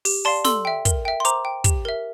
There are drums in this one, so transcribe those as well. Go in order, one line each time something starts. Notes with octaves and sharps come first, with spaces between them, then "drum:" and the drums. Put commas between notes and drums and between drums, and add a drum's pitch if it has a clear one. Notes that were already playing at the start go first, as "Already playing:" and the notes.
G4, drum: open hi-hat
D5 F5 A5 C6
A4 C6 E6, drum: snare
E5 G5
A#4, drum: kick, hi-hat
E5 G5
C6
C5 A#5 D6, drum: hi-hat
G5
G4, drum: kick, hi-hat
A#4 E5